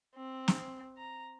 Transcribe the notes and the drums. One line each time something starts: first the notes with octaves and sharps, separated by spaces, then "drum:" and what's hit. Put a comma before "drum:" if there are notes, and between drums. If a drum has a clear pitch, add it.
C4
drum: snare
A#5